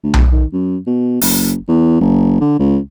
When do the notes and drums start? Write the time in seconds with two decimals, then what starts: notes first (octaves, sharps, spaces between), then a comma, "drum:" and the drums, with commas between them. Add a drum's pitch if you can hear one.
0.04 D2
0.14 drum: tom B1
0.32 D#3
0.53 F#2
0.87 B2
1.21 F#1, drum: open hi-hat
1.69 E2
2.01 F#1
2.41 D3
2.59 C#2